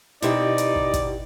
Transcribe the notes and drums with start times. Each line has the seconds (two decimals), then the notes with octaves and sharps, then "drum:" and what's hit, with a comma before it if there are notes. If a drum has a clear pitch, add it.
0.22 B2 C4 D#4 E4 G4 D5 D#5, drum: hi-hat
0.58 drum: hi-hat
0.76 drum: kick
0.93 drum: kick, hi-hat